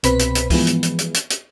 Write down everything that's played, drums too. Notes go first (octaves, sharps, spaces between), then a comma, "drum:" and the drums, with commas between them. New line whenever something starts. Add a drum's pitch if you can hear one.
C2 B2 C4 B4 B5 B6, drum: hi-hat
drum: hi-hat
drum: hi-hat
E3 F3 G#3 B3, drum: kick, open hi-hat
drum: hi-hat
drum: hi-hat
drum: hi-hat
drum: hi-hat
drum: hi-hat